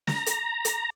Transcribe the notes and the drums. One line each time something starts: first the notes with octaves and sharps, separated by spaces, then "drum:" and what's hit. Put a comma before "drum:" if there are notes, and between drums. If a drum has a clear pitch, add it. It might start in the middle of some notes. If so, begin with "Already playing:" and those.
A#5, drum: snare
drum: hi-hat
drum: hi-hat